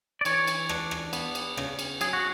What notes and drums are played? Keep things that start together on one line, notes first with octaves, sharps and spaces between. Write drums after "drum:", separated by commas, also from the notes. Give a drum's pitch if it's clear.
D5
E3 C#5, drum: cymbal
drum: cymbal
D4, drum: rim click
drum: rim click
B3, drum: cymbal
drum: cymbal
C#3, drum: rim click
drum: cymbal
F#3 G#4, drum: cymbal
F#4